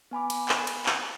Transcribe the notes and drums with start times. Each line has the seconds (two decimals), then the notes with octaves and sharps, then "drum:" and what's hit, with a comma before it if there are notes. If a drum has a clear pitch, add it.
0.11 B3 G#5 B5 D6
0.30 drum: cymbal
0.49 drum: clap
0.67 drum: cymbal
0.86 drum: clap